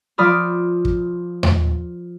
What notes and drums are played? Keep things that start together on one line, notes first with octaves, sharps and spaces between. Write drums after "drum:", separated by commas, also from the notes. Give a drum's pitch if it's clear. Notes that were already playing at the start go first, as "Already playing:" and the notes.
F3 D5 B5 D#6 F6
drum: kick
drum: tom D#2